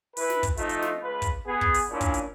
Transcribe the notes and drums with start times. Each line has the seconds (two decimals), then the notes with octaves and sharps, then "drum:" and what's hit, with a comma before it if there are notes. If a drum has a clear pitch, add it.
0.17 E3 B4, drum: open hi-hat
0.30 drum: snare
0.43 drum: kick, hi-hat
0.57 F3 A3 D#4 F4, drum: hi-hat
0.69 drum: hi-hat
0.82 drum: snare
1.03 C#2 F4 B4
1.22 drum: kick, hi-hat
1.46 B3 G#4
1.61 drum: kick
1.74 drum: open hi-hat
1.91 A#2 C#4 D4 E4 F4
2.01 drum: kick, hi-hat
2.14 drum: hi-hat